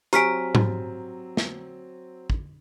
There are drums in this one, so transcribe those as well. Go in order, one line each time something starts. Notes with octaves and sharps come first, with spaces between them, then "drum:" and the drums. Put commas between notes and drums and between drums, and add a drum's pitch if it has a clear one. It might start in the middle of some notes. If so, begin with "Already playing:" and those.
F#3 C4 G4 G#5 A#5 F6 B6, drum: hi-hat
drum: tom G#2
drum: snare
drum: kick